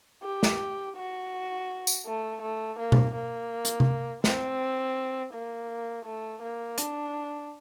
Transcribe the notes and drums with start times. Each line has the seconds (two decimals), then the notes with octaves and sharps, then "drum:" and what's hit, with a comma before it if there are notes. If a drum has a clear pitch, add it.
0.23 G4
0.43 drum: snare
0.96 F#4
1.87 drum: tambourine
2.06 A3
2.42 A3
2.79 A#3
2.92 drum: tom B2
3.14 A#3
3.65 drum: hi-hat
3.80 drum: tom C3
4.24 C4, drum: snare
5.33 A#3
6.05 A3
6.42 A#3
6.78 D4, drum: hi-hat